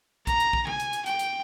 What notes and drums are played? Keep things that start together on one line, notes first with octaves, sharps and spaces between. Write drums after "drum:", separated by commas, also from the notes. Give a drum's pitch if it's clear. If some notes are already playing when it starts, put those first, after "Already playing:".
A#5, drum: kick, hi-hat
drum: hi-hat
drum: kick
G#5, drum: tom C3
drum: hi-hat
drum: hi-hat
G5, drum: hi-hat
drum: hi-hat